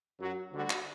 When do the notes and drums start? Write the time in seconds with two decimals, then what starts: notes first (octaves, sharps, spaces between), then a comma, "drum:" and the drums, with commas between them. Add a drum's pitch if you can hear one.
0.20 F#2 F#3 F#4
0.52 D2 D3 G3 F#4
0.70 drum: clap